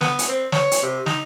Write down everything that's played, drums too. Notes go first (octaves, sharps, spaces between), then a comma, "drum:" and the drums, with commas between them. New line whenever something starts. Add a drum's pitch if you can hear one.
B3, drum: snare
drum: hi-hat
C4
C#5, drum: snare
drum: hi-hat
C3
D#4, drum: snare